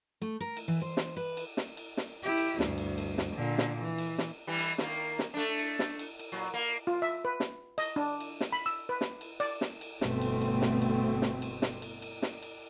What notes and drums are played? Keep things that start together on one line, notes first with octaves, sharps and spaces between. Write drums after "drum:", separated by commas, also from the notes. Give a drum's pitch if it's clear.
A3
A#4
drum: cymbal
E3
C5
drum: snare
B4
drum: cymbal
drum: snare
drum: cymbal
drum: snare
E4 G4
drum: cymbal
D2 G2, drum: snare
drum: cymbal
drum: cymbal
drum: snare
A#2 D3
drum: snare
E3
drum: cymbal
drum: snare
E3 G3
drum: cymbal
D#3 A#3, drum: snare
drum: snare
A3 D4
drum: cymbal
drum: snare
drum: cymbal
drum: cymbal
A#2 F#3
A#3
F4
E5
B4
drum: snare
D#5, drum: cymbal
D4
drum: cymbal
drum: snare
B5
E6
B4
drum: snare
drum: cymbal
D5, drum: cymbal
drum: snare
drum: cymbal
G1 B2 A3 C4, drum: snare
drum: cymbal
drum: cymbal
drum: snare
drum: cymbal
drum: snare
drum: cymbal
drum: snare
drum: cymbal
drum: cymbal
drum: snare
drum: cymbal